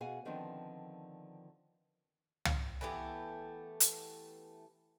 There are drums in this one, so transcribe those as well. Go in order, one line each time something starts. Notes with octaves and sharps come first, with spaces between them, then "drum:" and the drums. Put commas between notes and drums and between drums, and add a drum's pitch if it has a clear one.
B2 G#4 F5 F#5 G#5
D3 D#3 F3 B3 C4
drum: tom
E3 A3 B3 G4
drum: hi-hat